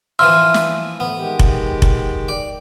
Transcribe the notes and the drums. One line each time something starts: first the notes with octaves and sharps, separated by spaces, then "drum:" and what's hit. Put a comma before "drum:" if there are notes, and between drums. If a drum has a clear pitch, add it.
E3 F3 E4 C6 E6 F6
drum: snare
A3 B3
D#3 G#3 G4
drum: kick F1
drum: kick F1
D5